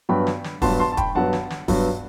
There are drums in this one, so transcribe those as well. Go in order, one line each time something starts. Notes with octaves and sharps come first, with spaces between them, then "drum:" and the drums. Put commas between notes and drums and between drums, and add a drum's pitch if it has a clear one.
G2 F#3 B3 G5 B5
drum: snare
drum: snare
G2 F#3 B3 A5 C6, drum: kick, open hi-hat
A5 C6
A5
G5 B5, drum: kick, hi-hat
G2 F#3 B3 F#5 A5
drum: snare
drum: snare
G2 F#3 B3, drum: kick, open hi-hat